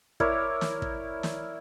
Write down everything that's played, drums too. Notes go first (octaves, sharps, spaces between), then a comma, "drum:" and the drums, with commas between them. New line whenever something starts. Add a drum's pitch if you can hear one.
E4 A#4 C#5 D5, drum: kick
drum: snare
drum: kick
drum: snare